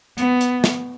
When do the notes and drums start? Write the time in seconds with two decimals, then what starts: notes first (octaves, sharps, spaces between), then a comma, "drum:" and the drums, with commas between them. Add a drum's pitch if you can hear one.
0.18 B3, drum: hi-hat
0.41 drum: hi-hat
0.64 drum: snare